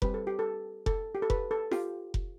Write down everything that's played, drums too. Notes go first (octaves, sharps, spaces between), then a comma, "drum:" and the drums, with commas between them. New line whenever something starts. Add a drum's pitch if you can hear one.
G3 C4 G4 B4, drum: kick F1
A4
G4
A4
A4, drum: kick F1
G4
A4
B4, drum: kick F1
A4
F4 G4, drum: snare F4
drum: kick F1